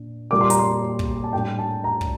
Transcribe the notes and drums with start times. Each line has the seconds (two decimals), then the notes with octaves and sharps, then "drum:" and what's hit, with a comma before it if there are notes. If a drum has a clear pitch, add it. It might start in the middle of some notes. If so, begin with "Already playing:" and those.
Already playing: A#2 D4
0.31 A#2 G3 A#3 D6
0.41 C6
0.50 A#5, drum: hi-hat
0.59 C6
0.99 drum: kick
1.24 A5
1.33 A2 G3 D4 G5
1.59 A5
1.84 A#5
2.01 drum: kick